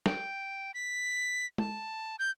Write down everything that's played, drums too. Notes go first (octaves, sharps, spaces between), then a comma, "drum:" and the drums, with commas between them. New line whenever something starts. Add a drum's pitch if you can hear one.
G5, drum: snare
B6
A5, drum: tom
G6